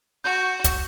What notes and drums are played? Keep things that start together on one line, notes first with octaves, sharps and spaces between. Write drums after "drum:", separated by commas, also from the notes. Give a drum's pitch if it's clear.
F#4 G6
drum: kick, hi-hat